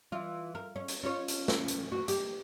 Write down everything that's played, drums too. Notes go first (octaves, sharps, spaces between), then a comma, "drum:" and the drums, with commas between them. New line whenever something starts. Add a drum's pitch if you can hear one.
E3 F4
A#4
C#4
drum: hi-hat
C#4 F4 C#5
drum: hi-hat
drum: snare
drum: hi-hat
F#4
G4, drum: hi-hat